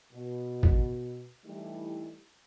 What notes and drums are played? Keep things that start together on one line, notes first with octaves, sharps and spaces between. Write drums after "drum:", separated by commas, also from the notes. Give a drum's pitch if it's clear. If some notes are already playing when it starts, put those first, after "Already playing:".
B2
drum: kick
E3 G3 A3 D#4 E4 G4